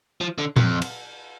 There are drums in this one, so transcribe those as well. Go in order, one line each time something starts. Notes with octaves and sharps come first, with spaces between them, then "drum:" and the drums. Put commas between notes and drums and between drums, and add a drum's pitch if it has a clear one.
F3
D3
F2, drum: tom A#2
drum: cymbal